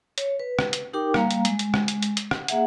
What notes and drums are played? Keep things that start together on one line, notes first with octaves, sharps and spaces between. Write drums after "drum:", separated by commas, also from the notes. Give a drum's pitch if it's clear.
C#5, drum: hi-hat
B4
drum: rim click
drum: hi-hat
D#4 G4 A#4 G5 D6
G3 A#3 F5 A#5, drum: rim click
drum: hi-hat
G#3, drum: hi-hat
drum: hi-hat
drum: rim click
drum: hi-hat
drum: hi-hat
drum: hi-hat
drum: rim click
A#3 G#4 E5 F#5, drum: hi-hat